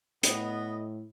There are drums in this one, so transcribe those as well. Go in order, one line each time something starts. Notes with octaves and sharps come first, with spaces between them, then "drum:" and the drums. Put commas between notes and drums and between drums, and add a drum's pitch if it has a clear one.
A2 B3 D#5, drum: hi-hat